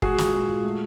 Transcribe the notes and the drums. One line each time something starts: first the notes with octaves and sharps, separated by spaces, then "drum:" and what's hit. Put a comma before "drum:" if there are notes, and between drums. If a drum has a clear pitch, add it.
G#3 F#4 G#4, drum: kick
A#2, drum: snare
G#3
A#2
A3